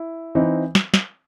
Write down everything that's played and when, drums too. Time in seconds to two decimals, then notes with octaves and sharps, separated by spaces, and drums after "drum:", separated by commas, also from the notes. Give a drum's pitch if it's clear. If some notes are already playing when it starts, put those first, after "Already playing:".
Already playing: E4
0.35 E3 C4 D#4
0.75 drum: snare
0.94 drum: snare